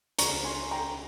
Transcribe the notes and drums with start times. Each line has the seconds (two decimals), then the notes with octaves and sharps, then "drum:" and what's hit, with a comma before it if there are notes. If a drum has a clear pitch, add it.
0.19 C#2 C#3 G#3 A#5 C#6, drum: hi-hat
0.44 G#5 C6
0.71 G5 A#5